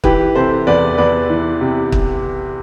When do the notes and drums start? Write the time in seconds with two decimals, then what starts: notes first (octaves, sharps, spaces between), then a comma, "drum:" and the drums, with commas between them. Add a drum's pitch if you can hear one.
0.04 E3 G4 B4, drum: kick
0.35 C3 A4 C5
0.67 E2 B4 D5
0.98 E2 B4 D5
1.30 E3
1.61 C3
1.92 drum: kick